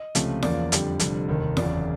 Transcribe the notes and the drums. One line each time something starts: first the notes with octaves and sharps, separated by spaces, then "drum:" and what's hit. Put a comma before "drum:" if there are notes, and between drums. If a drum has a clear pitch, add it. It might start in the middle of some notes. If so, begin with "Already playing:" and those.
Already playing: D#5
C#2 C3 F3 A3 C#4, drum: hi-hat
E2 C#3 F3 A#3 D5, drum: snare
F2 D3 G3, drum: hi-hat
F1 F2 D3 G3, drum: hi-hat
F1 D#2 D#3
F#1 E2 C#3 D5, drum: snare